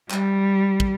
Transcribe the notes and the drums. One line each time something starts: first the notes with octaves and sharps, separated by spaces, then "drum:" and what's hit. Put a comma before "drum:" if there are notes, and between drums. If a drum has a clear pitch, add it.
G3, drum: clap
drum: kick